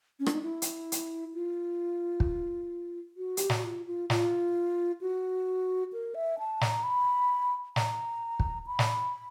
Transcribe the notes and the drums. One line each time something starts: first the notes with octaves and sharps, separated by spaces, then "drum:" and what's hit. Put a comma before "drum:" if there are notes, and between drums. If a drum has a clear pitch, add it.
C#4
D4, drum: rim click
D#4
E4
drum: hi-hat
drum: hi-hat
F4
drum: kick
F#4
G4, drum: hi-hat
F#4, drum: snare
F4
F4
F4, drum: snare
F#4
A#4
E5
A5
A#5, drum: snare
B5
A#5, drum: snare
drum: kick
B5
drum: snare